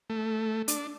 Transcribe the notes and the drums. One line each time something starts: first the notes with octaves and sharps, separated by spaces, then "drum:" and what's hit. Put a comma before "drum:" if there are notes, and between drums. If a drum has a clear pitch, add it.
A3
D4, drum: hi-hat